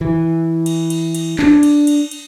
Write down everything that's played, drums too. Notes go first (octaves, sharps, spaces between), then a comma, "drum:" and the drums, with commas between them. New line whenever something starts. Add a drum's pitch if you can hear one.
E3
drum: cymbal
drum: cymbal
drum: cymbal
D4, drum: clap
drum: cymbal
drum: cymbal
drum: cymbal